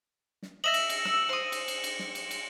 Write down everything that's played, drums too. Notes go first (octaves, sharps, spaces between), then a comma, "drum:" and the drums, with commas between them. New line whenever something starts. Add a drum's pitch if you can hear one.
drum: snare
D#5 E5 A#6 E7 F#7
drum: cymbal
drum: cymbal
E6, drum: snare
C5 D#6
drum: cymbal
drum: cymbal
drum: cymbal
drum: snare
drum: cymbal
drum: cymbal